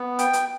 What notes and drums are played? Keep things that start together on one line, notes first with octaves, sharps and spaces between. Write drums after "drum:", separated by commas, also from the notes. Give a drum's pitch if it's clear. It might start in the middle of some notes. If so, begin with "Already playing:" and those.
Already playing: B3
G5, drum: hi-hat
drum: hi-hat